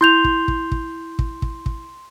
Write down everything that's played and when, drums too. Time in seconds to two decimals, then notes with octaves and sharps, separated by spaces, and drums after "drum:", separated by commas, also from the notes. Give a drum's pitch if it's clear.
0.01 E4 C6 G6 F7
0.24 drum: kick
0.48 drum: kick
0.72 drum: kick
1.19 drum: kick
1.42 drum: kick
1.66 drum: kick